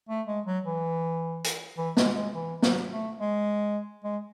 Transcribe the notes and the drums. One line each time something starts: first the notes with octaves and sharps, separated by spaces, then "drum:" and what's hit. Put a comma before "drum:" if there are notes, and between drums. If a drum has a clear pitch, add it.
A3
G#3
F#3
E3
drum: hi-hat
E3
G#3, drum: snare
G#3
E3
F#3, drum: snare
A3
G#3
G#3